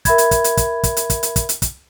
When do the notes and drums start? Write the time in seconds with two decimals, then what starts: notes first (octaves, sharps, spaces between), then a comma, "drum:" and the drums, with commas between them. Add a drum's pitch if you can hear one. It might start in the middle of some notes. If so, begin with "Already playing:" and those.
0.05 A#4 E5 B5 G#6, drum: kick, hi-hat
0.18 drum: hi-hat
0.31 drum: kick, hi-hat
0.44 drum: hi-hat
0.57 drum: kick, hi-hat
0.83 drum: kick, hi-hat
0.97 drum: hi-hat
1.10 drum: kick, hi-hat
1.23 drum: hi-hat
1.36 drum: kick, hi-hat
1.49 drum: hi-hat
1.62 drum: kick, hi-hat